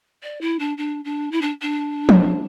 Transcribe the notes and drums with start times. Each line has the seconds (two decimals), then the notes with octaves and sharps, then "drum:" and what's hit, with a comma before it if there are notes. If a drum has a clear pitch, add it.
0.23 D5
0.41 E4
0.59 D4
0.77 D4
1.04 D4
1.31 E4
1.41 D4
1.62 D4
2.09 drum: tom F3